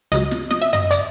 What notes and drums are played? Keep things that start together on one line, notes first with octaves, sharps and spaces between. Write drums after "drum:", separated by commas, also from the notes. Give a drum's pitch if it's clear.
C#2 C#3 F#3 D#5, drum: hi-hat
drum: snare
D#5, drum: snare
E5
D#5, drum: tom F#2
D5, drum: hi-hat